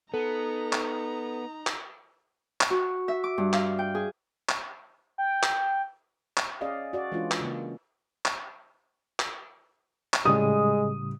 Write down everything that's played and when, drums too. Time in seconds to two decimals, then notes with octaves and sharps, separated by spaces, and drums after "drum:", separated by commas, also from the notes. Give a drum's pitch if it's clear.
0.14 B3 D#4 A4 A#5
0.73 drum: clap
1.67 drum: clap
2.61 drum: clap
2.70 F#4
3.08 E5
3.24 D6
3.38 G2
3.53 F5, drum: clap
3.79 G5
3.95 G#4
4.49 drum: clap
5.18 G5
5.43 drum: clap
6.37 drum: clap
6.61 C#4 G#4 D5 D#5 F5
6.93 F#4 D5
7.12 E3 G#3 C#4 D4 F4
7.31 drum: clap
7.40 C#3 A#3
8.25 drum: clap
9.20 drum: clap
10.14 drum: clap
10.26 A2 C#3 G3 G#3 D#6